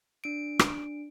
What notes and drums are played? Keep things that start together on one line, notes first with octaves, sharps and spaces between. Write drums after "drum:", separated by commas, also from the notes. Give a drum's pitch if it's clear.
D4 D7
drum: rim click